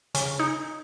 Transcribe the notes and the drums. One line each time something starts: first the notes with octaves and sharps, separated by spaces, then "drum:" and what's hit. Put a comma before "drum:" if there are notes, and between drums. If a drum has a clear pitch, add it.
C#3, drum: hi-hat
D#4